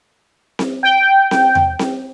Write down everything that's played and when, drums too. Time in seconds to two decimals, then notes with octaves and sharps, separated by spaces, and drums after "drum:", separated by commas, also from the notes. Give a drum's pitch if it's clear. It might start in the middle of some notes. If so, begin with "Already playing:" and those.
0.59 drum: snare C4
0.83 G5
1.31 drum: snare C4
1.55 drum: tom E2
1.79 drum: snare C4